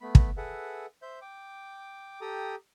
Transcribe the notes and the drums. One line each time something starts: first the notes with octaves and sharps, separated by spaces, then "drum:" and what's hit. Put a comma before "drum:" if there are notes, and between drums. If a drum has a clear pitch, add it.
A3 B3 B5
drum: kick
G#4 A4 B4 E5 F#5
C5 E5 G6
G5 D6
G4 A4 G5 A#5 D#6